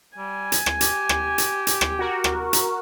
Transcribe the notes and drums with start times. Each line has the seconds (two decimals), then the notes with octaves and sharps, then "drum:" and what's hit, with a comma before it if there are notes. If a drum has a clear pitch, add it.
0.18 G3 G#5
0.52 drum: hi-hat
0.66 drum: rim click
0.81 G4, drum: hi-hat
1.09 drum: rim click
1.38 drum: hi-hat
1.67 drum: hi-hat
1.81 drum: rim click
1.99 F#4 A#4
2.24 drum: rim click
2.53 drum: hi-hat